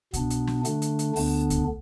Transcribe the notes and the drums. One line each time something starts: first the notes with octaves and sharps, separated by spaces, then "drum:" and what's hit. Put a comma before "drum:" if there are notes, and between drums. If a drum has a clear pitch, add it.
B2 B3 D4, drum: kick C2, hi-hat
drum: hi-hat
drum: snare
D3 A3 D4, drum: hi-hat
drum: hi-hat
drum: hi-hat
D2 D3 B3 D4, drum: open hi-hat
drum: kick C2, hi-hat